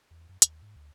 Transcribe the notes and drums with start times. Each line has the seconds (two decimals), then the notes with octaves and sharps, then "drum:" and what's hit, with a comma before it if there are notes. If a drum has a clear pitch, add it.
0.11 E2
0.29 F#2
0.42 D#2, drum: hi-hat
0.62 G#2
0.76 D2